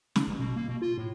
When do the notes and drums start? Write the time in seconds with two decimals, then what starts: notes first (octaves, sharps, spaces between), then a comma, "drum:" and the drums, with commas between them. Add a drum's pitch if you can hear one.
0.16 C#3, drum: snare
0.28 A1
0.39 B2
0.56 A#3
0.68 B2
0.82 F4
0.98 A2